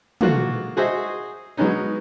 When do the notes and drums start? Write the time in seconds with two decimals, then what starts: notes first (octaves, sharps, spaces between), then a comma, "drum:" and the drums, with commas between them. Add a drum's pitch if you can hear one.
0.21 G#3 A#3 F4 F#4 A4, drum: tom
0.77 F#4 G#4 C5 D#5 E5
1.57 F#3 G#3 B3 C#4 D#4